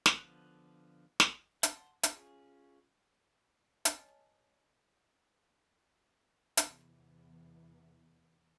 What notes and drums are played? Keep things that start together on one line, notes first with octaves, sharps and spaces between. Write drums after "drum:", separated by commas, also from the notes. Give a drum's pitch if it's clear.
drum: snare
D3 F3 B3 F#6
drum: snare
F#5 A5 C6, drum: hi-hat
C#4 F4 G#4, drum: hi-hat
B4 C#5 D#5 G#5 A5, drum: hi-hat
E2 C3 E3 B3, drum: hi-hat